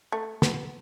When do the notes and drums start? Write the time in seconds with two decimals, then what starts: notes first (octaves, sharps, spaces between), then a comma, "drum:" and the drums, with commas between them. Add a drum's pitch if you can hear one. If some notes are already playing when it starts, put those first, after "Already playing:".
0.12 A3
0.42 B3, drum: snare